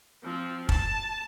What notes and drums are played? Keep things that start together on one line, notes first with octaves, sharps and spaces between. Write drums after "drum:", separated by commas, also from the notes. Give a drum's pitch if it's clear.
F3 C4
A5, drum: kick